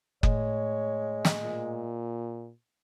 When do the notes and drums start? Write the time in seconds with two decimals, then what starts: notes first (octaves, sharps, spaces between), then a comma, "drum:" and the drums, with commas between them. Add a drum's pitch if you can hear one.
0.23 A2 G#3 C#5, drum: kick F#1
1.25 drum: snare
1.42 A#2